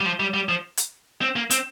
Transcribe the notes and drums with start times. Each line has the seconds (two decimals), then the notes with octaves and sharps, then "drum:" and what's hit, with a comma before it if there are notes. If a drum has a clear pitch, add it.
0.01 G3
0.05 F3
0.20 G3
0.34 G3
0.49 F3
0.77 drum: hi-hat
1.21 C4
1.36 A#3
1.50 C4, drum: hi-hat